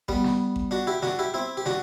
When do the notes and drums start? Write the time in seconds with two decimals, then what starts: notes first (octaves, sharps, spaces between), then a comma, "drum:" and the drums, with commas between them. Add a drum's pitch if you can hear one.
0.08 G3 B3, drum: kick A1
0.24 drum: snare
0.56 drum: kick A1
0.71 D4 F#4
0.87 E4 G4
1.02 D4 F#4, drum: snare
1.19 E4 G4
1.34 C4 E4
1.57 G4
1.66 D4 F#4, drum: snare